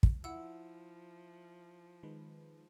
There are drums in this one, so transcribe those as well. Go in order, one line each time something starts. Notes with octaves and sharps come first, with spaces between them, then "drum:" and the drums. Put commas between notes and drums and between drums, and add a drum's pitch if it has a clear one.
drum: kick
F3 E4 F#5 E6
D#3 G#3 B4